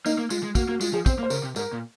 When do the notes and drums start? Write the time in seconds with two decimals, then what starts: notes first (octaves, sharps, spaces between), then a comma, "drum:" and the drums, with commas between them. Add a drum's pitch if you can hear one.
0.06 A#3 D#4, drum: tambourine
0.18 A#3
0.30 G#3 F4, drum: tambourine
0.43 G#3
0.55 A#3 F#4, drum: kick, tambourine
0.69 A#3 F#4
0.81 G#3 F4, drum: tambourine
0.93 F3 G#4
1.06 C4 C5, drum: kick, tambourine
1.19 A#3
1.23 C5
1.30 C#3 A#4, drum: tambourine
1.44 C3
1.56 G#2 A#4, drum: tambourine
1.73 A#2